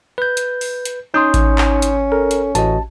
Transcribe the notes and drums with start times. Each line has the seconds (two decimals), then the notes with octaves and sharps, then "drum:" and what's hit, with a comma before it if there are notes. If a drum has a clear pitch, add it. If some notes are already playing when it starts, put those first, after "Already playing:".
0.18 B4 G6
0.37 drum: hi-hat
0.61 drum: open hi-hat
0.85 drum: hi-hat
1.14 C#4 D#4 C6 D#6 G6
1.34 drum: kick A1, hi-hat
1.58 drum: clap
1.82 drum: hi-hat
2.12 A4 A#4
2.31 drum: hi-hat
2.55 A1 F#4 D#5 A5, drum: hi-hat